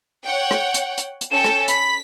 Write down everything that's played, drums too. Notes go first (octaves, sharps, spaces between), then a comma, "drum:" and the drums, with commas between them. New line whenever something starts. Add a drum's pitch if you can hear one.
C#5 F#5 G5
drum: rim click
drum: hi-hat
drum: hi-hat
drum: hi-hat
C#4 A4 G5 E7
drum: rim click
B5 B6, drum: hi-hat